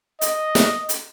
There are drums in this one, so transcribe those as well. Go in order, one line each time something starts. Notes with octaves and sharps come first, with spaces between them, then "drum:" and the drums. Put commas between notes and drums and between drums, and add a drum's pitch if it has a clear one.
D#5, drum: hi-hat
drum: snare
drum: hi-hat